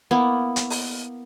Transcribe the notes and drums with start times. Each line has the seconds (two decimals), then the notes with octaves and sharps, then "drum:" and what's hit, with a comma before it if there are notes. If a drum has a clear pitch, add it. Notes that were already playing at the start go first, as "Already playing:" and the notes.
0.11 A#3 B3 E4 B5
0.56 drum: hi-hat
0.70 drum: open hi-hat